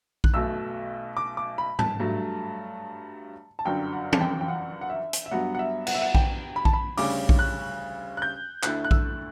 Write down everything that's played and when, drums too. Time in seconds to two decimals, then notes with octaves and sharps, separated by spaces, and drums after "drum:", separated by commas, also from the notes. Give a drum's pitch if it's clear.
0.24 F#6, drum: kick A#1
0.33 B1 B2 A3 E6
1.17 D6
1.37 D6
1.58 B5
1.79 A5, drum: tom G#2
2.00 G2 F#3 A3
3.59 A5
3.65 G1 F#2 D3 F#3 G5
3.93 F#5
4.13 A5, drum: tom
4.21 G5
4.41 G5
4.48 F#5
4.81 F#5
4.90 E5
5.13 drum: hi-hat
5.26 E5
5.31 G2 F#3 B3 F#5
5.55 F#5
5.59 E5
5.87 F#5, drum: cymbal
5.94 E5
6.02 F#5
6.15 G5, drum: kick A#1
6.56 B5
6.65 A5, drum: kick A#1
6.73 B5
6.97 D2 C#3 G3 C#4 D6, drum: open hi-hat
7.29 drum: kick A#1
7.39 F#6
8.17 F#6
8.22 G6
8.63 D2 D3 A3 E4 F#6, drum: clap
8.84 F#6
8.91 E6, drum: kick A#1